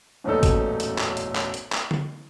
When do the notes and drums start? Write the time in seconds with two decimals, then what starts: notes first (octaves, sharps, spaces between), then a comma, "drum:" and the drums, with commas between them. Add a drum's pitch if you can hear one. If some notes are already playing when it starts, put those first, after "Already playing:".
0.24 E1 A1 F#2 A#2 D#4 A4
0.43 drum: kick A1, hi-hat
0.80 drum: hi-hat
0.98 drum: clap
1.17 drum: hi-hat
1.35 drum: clap
1.54 drum: hi-hat
1.72 drum: clap
1.91 drum: tom D3